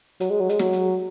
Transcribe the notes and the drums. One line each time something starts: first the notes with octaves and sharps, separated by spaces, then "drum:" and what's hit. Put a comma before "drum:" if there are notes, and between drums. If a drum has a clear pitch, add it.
F#3, drum: hi-hat
G#3
F#3
G#3, drum: hi-hat
F#3, drum: snare
drum: hi-hat